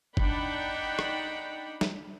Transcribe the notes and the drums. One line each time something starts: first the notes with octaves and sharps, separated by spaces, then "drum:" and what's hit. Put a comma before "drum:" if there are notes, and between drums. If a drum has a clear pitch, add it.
D4 D#4 D5 F#5 G5 B5, drum: kick
drum: rim click
drum: snare